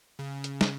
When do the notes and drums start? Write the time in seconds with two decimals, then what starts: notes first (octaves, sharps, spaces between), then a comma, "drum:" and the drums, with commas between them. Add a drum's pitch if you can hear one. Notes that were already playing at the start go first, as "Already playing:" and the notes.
0.19 C#3
0.44 drum: hi-hat
0.61 drum: snare